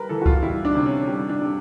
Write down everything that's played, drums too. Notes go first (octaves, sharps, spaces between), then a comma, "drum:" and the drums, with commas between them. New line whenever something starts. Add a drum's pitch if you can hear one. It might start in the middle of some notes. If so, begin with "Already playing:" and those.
Already playing: G3 A#4 B4
E3 A4
F#4
F4, drum: kick C#2
G3 E4
D4
C3
C#4
G3
D4
G3